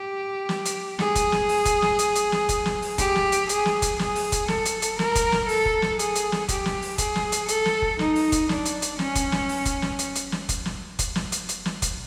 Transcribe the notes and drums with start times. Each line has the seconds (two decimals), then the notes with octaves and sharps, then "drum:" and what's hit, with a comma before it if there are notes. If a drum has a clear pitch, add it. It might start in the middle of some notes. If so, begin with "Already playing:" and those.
Already playing: G4
0.49 drum: snare
0.66 drum: hi-hat
0.99 G#4, drum: snare
1.16 drum: kick F1, hi-hat
1.32 drum: snare
1.49 drum: open hi-hat
1.66 drum: kick F1, hi-hat
1.82 drum: snare
1.99 drum: hi-hat
2.16 drum: hi-hat
2.32 drum: snare
2.49 drum: kick F1, hi-hat
2.66 drum: snare
2.82 drum: open hi-hat
2.98 G4, drum: kick F1, hi-hat
3.16 drum: snare
3.32 drum: hi-hat
3.49 G#4, drum: hi-hat
3.66 drum: snare
3.82 drum: kick F1, hi-hat
3.99 G#4, drum: snare
4.16 drum: open hi-hat
4.32 drum: kick F1, hi-hat
4.48 A4, drum: snare
4.66 drum: hi-hat
4.82 drum: hi-hat
4.99 A#4, drum: snare
5.16 drum: kick F1, hi-hat
5.32 drum: snare
5.48 A4, drum: open hi-hat
5.66 drum: kick F1
5.82 drum: snare
5.99 G#4, drum: hi-hat
6.16 drum: hi-hat
6.32 drum: snare
6.49 G4, drum: kick F1, hi-hat
6.66 drum: snare
6.82 drum: open hi-hat
6.98 G#4, drum: kick F1, hi-hat
7.16 drum: snare
7.32 drum: hi-hat
7.49 A4, drum: hi-hat
7.66 drum: snare
7.82 drum: kick F1
7.99 D#4, drum: snare
8.16 drum: open hi-hat
8.32 drum: kick F1, hi-hat
8.49 D4, drum: snare
8.66 drum: hi-hat
8.82 drum: hi-hat
8.99 C#4, drum: snare
9.16 drum: kick F1, hi-hat
9.32 drum: snare
9.49 drum: open hi-hat
9.66 drum: kick F1, hi-hat
9.82 drum: snare
9.99 drum: hi-hat
10.16 drum: hi-hat
10.32 drum: snare
10.49 drum: kick F1, hi-hat
10.66 drum: snare
10.99 drum: kick F1, hi-hat
11.16 drum: snare
11.32 drum: hi-hat
11.49 drum: hi-hat
11.66 drum: snare
11.82 drum: kick F1, hi-hat